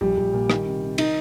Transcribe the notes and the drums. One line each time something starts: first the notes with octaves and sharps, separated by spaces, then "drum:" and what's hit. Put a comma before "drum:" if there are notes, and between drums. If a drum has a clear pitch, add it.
A#1 G3
A#1
A#2
D#3, drum: rim click
C3
C3
D#3 D#4, drum: cymbal